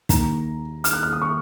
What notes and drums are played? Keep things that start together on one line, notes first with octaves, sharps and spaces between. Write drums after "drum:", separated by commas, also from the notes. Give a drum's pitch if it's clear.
D#2 D#3 A#5, drum: kick, hi-hat
F6, drum: hi-hat
F#6
F6
D#6
C#6